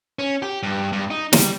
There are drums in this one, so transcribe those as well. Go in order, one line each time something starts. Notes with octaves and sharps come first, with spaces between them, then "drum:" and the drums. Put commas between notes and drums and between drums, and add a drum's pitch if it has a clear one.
C#4
G4
G2
G2
D#4
G3, drum: snare